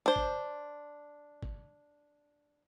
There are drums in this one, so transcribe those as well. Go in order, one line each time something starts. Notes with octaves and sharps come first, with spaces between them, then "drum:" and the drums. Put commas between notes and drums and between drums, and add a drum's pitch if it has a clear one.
D4 C5
drum: kick
drum: kick